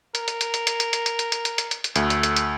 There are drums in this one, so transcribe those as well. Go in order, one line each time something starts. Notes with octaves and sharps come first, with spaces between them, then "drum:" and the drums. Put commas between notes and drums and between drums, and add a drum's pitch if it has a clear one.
A#4, drum: hi-hat
drum: hi-hat
drum: hi-hat
drum: hi-hat
drum: hi-hat
drum: hi-hat
drum: hi-hat
drum: hi-hat
drum: hi-hat
drum: hi-hat
drum: hi-hat
drum: hi-hat
drum: hi-hat
drum: hi-hat
D2 A3, drum: hi-hat
drum: hi-hat
drum: hi-hat
drum: hi-hat